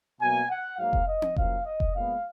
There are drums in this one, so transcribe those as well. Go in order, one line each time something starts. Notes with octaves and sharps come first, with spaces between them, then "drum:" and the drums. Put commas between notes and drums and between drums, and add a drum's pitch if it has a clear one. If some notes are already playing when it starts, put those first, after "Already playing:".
B2 F#3 A#3 G#5
F#5
G#2 F#3 A#3 F5
drum: kick F1
D#5
drum: tom C4
F#2 F3 A#3 F5, drum: kick F1
D#5
drum: kick F1
A#2 G#3 B3 F5